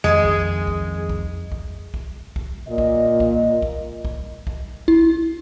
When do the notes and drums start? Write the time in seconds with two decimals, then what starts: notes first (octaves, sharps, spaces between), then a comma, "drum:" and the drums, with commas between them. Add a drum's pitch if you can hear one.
0.04 F2 D#3 G#3
0.25 drum: kick
0.67 drum: kick
1.09 drum: kick
1.52 drum: kick
1.94 drum: kick
2.36 drum: kick
2.68 A#2 D#5
2.78 drum: kick
3.20 drum: kick
3.62 drum: kick
4.05 drum: kick
4.47 drum: kick
4.88 E4, drum: kick